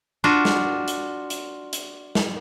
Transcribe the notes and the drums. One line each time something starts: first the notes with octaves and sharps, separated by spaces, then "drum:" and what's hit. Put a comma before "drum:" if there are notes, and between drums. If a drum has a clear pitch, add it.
D4 F4 F#4
drum: snare
drum: hi-hat
drum: hi-hat
drum: hi-hat
drum: snare